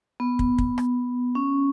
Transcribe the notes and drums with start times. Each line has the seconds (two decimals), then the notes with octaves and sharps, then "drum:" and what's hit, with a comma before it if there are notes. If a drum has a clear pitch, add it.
0.20 B3
0.39 drum: kick
0.58 drum: kick
0.78 drum: rim click
1.35 C#4